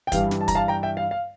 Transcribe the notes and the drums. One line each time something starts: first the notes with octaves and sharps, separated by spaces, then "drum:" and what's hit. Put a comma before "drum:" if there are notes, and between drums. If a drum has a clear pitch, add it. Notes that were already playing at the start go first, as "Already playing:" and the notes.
G5
G2 E3 G3 F5, drum: kick, hi-hat
drum: snare
A5
A#5, drum: kick, hi-hat
F5 A5
G5 A#5
E5 G5
F5
F5